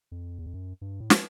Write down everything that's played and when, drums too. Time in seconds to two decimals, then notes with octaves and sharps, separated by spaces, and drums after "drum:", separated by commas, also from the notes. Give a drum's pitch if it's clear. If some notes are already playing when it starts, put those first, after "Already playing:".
0.12 F2
0.39 E2
0.46 F2
0.54 F#2
0.81 G2
1.00 A2
1.10 drum: snare